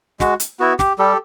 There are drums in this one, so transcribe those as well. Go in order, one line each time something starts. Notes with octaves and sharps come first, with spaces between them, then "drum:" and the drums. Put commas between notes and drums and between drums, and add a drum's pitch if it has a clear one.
G#3 F#4, drum: snare
drum: hi-hat
B3 E4 F#4
G4, drum: snare
G3 G4 A4